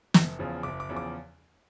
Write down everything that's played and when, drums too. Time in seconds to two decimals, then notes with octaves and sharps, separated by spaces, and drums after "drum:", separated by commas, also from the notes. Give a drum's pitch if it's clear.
0.14 F#1, drum: snare
0.39 E2 C#3 F3
0.63 F#1 D6
0.80 D6
0.89 E2 C#3 F3
0.97 D6